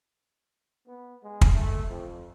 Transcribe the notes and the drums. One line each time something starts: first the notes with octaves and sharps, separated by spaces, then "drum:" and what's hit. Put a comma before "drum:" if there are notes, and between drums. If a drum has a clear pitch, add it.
B3
G#3
drum: kick
A3
F2